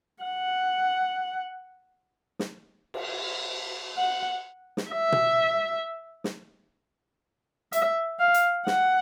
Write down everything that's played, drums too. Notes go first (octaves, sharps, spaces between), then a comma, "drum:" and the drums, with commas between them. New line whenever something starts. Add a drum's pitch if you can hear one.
F#5
drum: snare
drum: cymbal
F#5
drum: snare
E5
drum: tom B2
drum: snare
E5, drum: hi-hat
F5
drum: hi-hat
F#5, drum: snare